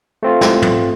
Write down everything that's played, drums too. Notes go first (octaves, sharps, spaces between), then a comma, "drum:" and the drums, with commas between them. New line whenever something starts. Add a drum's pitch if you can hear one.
A3 C4 F4
drum: snare
drum: tom